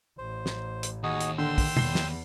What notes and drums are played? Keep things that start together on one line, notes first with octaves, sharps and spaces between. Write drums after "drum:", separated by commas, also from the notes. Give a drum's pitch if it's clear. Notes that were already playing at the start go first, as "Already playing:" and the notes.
A1 C5
drum: snare
drum: hi-hat
D#2 D#4 F#4 G#4
drum: hi-hat
D3 G5 C6 E6
drum: kick, open hi-hat
E2 B3 C7 G7, drum: tom
drum: snare